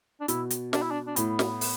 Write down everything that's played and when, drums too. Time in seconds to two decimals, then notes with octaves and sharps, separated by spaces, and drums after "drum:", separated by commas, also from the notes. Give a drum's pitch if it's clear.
0.21 D4
0.28 B2 E4, drum: hi-hat
0.50 drum: hi-hat
0.73 D4, drum: snare
0.82 E4
0.91 D4
1.07 D4
1.16 A2 B3, drum: hi-hat
1.39 drum: snare
1.61 drum: open hi-hat